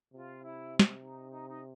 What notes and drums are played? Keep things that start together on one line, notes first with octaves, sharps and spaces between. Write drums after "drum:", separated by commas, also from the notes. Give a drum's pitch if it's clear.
C3 F4
E4
drum: snare
D#4
D#4
D#4